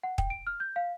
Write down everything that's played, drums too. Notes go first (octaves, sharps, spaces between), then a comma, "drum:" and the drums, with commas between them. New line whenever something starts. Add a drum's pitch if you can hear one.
F#5
G5, drum: kick
D7
F6
G6
F5